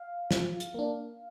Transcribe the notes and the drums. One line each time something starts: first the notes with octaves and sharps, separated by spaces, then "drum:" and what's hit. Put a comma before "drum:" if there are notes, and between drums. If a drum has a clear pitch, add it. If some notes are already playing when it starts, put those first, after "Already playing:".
Already playing: F5
F3, drum: snare
drum: hi-hat
A#3 D4